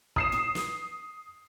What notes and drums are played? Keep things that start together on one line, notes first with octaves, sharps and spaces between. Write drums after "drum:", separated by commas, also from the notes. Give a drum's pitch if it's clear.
D#6 C7 E7, drum: kick
drum: tom
drum: snare